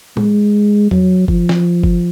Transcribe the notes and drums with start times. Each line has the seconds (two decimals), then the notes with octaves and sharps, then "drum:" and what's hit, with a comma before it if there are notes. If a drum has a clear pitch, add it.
0.17 G#3, drum: tom A2
0.91 F#3, drum: tom E2
1.28 F3, drum: kick F#1
1.49 drum: snare
1.83 drum: kick F#1